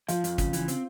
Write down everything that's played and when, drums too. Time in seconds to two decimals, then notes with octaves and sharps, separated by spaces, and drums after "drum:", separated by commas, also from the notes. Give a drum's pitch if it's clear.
0.08 F3 F4, drum: hi-hat
0.24 F2, drum: hi-hat
0.38 C#3, drum: kick, hi-hat
0.53 E3, drum: hi-hat
0.68 C4, drum: hi-hat